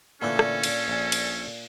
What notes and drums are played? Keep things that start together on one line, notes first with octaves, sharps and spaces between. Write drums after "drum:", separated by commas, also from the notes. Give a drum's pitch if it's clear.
A#2 D3 E3 A3 C#4 D4 A4
drum: rim click
drum: cymbal
A#1 G#5
drum: cymbal